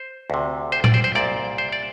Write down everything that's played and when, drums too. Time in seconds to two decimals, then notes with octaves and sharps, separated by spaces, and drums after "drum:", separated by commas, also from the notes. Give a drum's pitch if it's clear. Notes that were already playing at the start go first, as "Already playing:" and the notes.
Already playing: C5
0.30 D2 C3
0.72 C5
0.84 D5, drum: tom A#2
0.94 C5
1.04 C5
1.15 C2 A#2 D5
1.58 C5
1.72 D5